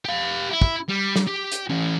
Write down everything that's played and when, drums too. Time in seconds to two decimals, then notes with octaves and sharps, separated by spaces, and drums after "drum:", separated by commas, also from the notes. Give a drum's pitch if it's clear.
0.05 G4 F5
0.50 E4
0.62 drum: kick
0.88 G3
1.16 drum: snare
1.27 G4
1.52 drum: hi-hat
1.70 E3 C#4